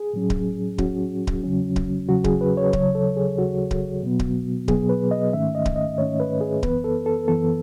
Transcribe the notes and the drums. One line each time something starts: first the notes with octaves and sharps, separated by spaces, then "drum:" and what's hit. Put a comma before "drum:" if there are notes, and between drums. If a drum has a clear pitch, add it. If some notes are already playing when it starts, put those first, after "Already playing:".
Already playing: G#4
A2 F#3 C#4
drum: kick D1
A2 F#3 C#4 F#4, drum: kick D1
drum: kick D1
E2 C#3 F#3 C#4
drum: kick D1
E2 C#3 F#3 C#4 F#4
G#4, drum: kick D1
B4
C#5
D#2 C#3 F#3 C#5, drum: kick D1
A4
G#4
D#2 C#3 F#3 F#4
drum: kick D1
B2 F#3 B3
drum: kick D1
B2 F#3 B3 G#4, drum: kick D1
B4
D#5
G#2 D#3 A3 C#4 E5
D#5
drum: kick D1
D#5
G#2 D#3 A3 C#4 C#5
B4
G#4
F#2 E3 B3 B4, drum: kick D1
A4
A4
F#2 E3 B3 A4